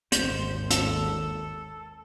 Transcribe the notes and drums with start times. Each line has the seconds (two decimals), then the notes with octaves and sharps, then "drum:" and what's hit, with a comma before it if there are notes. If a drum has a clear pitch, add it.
0.12 G#1 D#2 C5, drum: hi-hat
0.71 A4, drum: hi-hat